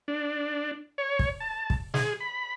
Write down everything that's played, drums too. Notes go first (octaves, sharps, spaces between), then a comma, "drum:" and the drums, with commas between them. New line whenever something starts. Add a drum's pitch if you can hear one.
D4
C#5
drum: kick
A5
drum: kick
G#4, drum: snare
B5